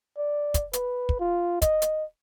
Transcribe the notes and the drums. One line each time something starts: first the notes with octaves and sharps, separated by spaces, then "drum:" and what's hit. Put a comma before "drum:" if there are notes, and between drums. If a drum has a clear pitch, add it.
D5
drum: kick, hi-hat
B4, drum: hi-hat
drum: kick
F4
D#5, drum: kick, hi-hat
drum: hi-hat